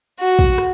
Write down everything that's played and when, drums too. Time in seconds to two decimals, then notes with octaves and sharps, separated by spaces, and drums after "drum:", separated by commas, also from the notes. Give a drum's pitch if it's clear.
0.19 F#4
0.39 drum: kick
0.58 drum: rim click